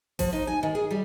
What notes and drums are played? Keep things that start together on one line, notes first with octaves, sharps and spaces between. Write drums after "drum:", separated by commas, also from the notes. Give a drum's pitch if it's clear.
F3, drum: kick A1, open hi-hat
D#4
G#5
D#3
G#4
G3